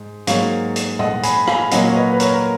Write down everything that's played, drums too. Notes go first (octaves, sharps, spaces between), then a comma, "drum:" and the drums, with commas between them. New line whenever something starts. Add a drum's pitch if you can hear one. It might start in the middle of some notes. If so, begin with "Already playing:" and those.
Already playing: G#2
G#2 F#3 A#3 C#5 F5, drum: hi-hat
drum: hi-hat
D#5 F#5, drum: tom A2
G#5 B5, drum: hi-hat
F5 G#5, drum: rim click
A#2 F#3 A#3 D#5 F#5, drum: hi-hat
C#5
B4 D#5
B4
A#4 C#5, drum: hi-hat
A#4